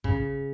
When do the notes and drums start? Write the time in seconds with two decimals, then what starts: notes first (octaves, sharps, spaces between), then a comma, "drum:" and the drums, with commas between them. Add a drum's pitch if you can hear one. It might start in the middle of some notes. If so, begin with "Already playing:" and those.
0.04 C#3, drum: kick